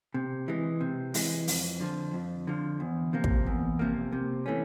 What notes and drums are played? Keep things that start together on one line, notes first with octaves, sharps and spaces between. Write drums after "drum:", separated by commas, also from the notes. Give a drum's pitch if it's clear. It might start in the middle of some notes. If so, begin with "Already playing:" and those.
C3
E3 G#3
C3
E3 G#3, drum: open hi-hat
F2, drum: open hi-hat
D3 F3
F2
D3 F3
E2
C3 F3 A#3
drum: kick
E2
C3 F3 A#3
C3
E3 A3 C#4